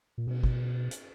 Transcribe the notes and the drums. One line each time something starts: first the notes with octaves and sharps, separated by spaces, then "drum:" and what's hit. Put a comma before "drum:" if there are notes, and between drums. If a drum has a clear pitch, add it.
A#2
B2, drum: cymbal
drum: kick
drum: hi-hat